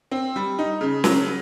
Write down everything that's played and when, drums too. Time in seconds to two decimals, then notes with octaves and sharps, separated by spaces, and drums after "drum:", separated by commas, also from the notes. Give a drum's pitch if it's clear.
0.11 C4
0.36 G3
0.58 D#4
0.81 C#3
1.04 F#3, drum: snare